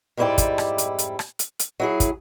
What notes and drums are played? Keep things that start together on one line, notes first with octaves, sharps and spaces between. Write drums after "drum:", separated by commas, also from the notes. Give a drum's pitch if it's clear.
F2 G#2 G3 E4 D5 G5
drum: kick, hi-hat
drum: rim click
drum: hi-hat
drum: hi-hat
drum: rim click
drum: hi-hat
drum: hi-hat
F#3 E4 G#4
drum: kick, hi-hat